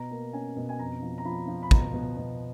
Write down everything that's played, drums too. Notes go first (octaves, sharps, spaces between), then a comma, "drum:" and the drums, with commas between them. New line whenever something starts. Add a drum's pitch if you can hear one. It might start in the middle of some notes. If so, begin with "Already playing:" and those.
Already playing: B2 A#5
A#3
C#4 G#5
B2
G#5
F2 A#5
F3
A#5
F3 B5
F3
B5
B2 A#5, drum: kick
B2
B2